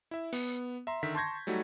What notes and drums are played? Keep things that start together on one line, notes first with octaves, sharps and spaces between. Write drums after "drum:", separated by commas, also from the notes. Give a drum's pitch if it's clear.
E4 E5
B3, drum: open hi-hat
E5 A#5 C6
D3 D#3 E5 B6
A5 C6 C#6 G6 G#6 A#6
F#3 G3 A3 D#4 F#4